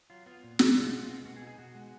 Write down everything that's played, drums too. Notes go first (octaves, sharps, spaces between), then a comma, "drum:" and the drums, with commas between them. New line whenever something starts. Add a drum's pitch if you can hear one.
F#3 F4
B3 F4
A#2
G#3, drum: snare
B2
F4
G#3 F#4
F4
B2
F4
B2 F#4
G#4
D#4
G#4
B2 F#4
G#3